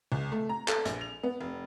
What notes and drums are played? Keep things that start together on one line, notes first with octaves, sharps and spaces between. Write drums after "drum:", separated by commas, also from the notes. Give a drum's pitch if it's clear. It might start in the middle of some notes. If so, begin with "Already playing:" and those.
C#2
A3
A#5
A4, drum: clap
A#1, drum: hi-hat
F7
B3
F1